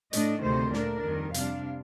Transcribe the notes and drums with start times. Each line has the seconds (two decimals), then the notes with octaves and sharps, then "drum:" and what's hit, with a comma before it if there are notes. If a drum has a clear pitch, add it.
0.13 A2 A3 D4 D#5, drum: hi-hat
0.43 D2 C3 D#3 A3 C5
0.73 A#2 A3 D4 A#4, drum: snare
1.03 F2 D#3 G3
1.34 C3 G3 D4 F5, drum: hi-hat